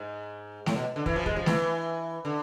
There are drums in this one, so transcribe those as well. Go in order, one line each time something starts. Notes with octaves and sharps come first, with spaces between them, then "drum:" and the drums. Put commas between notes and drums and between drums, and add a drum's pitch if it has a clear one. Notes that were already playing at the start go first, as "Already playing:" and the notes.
Already playing: G#2
A2, drum: snare A3
B2
D3
E3, drum: kick
F3
G#3, drum: kick
F3
E3, drum: snare A3
D3